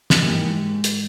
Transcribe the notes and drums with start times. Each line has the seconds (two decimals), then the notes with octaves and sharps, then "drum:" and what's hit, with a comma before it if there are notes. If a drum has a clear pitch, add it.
0.10 drum: snare
0.22 G#2 E3 A#3 D#4 G4
0.84 drum: hi-hat